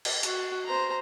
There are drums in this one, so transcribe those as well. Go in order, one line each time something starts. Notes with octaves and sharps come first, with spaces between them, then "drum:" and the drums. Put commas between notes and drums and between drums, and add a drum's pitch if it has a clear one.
drum: cymbal
F#4, drum: hi-hat
C5 A#5